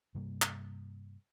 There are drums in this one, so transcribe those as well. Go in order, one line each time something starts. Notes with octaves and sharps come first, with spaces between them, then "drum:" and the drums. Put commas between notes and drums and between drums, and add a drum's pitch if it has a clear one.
G2 C3 G3 A#3
drum: clap